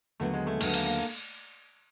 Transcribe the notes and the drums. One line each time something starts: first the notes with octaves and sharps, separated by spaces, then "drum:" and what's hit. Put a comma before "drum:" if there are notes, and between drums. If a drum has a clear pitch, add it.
D#2 D3 F#3 A3 B3
G#3
A3
D#2 D3 F#3 A3 B3, drum: cymbal
A#3, drum: cymbal
A#3